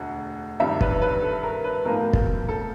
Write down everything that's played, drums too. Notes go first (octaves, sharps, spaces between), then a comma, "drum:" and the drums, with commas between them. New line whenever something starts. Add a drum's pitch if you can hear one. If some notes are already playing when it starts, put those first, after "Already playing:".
Already playing: E1 D2 D3 F#5
G2 D#3 G3 E5
B4, drum: kick
B4
A4
A#4
B4
B1 A2 F3 A#3 D#4 A#4
drum: kick
A4